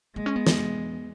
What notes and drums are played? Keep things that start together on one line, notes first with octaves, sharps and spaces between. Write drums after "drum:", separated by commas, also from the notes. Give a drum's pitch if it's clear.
G#3 A#3
C#4
B3
drum: snare